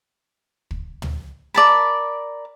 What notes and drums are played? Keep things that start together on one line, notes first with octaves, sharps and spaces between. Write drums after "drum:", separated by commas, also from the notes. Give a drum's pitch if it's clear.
drum: kick
drum: tom
A#4 D5 A5 B5